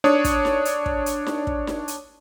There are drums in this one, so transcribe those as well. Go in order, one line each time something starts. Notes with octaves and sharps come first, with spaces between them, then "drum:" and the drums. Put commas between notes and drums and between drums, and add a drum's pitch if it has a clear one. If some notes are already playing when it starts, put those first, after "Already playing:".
D4 C#5 D#6, drum: snare D#4
drum: kick, hi-hat
drum: snare D#4
drum: hi-hat
drum: kick
drum: hi-hat
drum: snare D#4
drum: kick
drum: snare D#4
drum: hi-hat